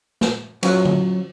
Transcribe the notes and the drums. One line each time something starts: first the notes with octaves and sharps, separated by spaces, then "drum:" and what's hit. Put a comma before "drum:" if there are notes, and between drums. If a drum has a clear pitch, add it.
drum: snare
F#3 C#4 F4 F#5, drum: cymbal
drum: tom D3